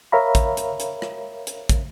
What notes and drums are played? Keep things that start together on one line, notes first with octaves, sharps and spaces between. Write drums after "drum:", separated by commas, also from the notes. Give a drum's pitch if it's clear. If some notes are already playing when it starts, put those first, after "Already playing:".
A#4 C#5 E5 F5 A#5 B5
drum: kick, hi-hat
drum: hi-hat
drum: hi-hat
drum: rim click
drum: hi-hat
drum: kick, hi-hat